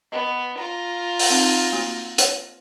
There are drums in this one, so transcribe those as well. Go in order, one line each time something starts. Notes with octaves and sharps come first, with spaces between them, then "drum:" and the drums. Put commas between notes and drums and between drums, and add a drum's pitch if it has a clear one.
B3 D#5
F4 A#5
drum: open hi-hat
C4 D#4
A3 A#3 F#4
C#5 F#5, drum: hi-hat